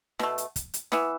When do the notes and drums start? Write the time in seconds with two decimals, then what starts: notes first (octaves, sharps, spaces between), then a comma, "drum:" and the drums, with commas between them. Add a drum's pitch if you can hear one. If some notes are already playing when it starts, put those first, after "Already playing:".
0.19 B2 A3, drum: snare
0.38 drum: hi-hat
0.56 drum: kick, hi-hat
0.74 drum: hi-hat
0.92 E3 B3, drum: snare